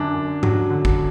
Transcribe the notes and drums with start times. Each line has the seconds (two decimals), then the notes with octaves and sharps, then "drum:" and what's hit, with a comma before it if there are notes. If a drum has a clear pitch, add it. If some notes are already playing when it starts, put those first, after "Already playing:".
Already playing: F#2 D3 D4
0.14 F#2
0.43 F#3, drum: tom G#2
0.70 D3
0.85 drum: kick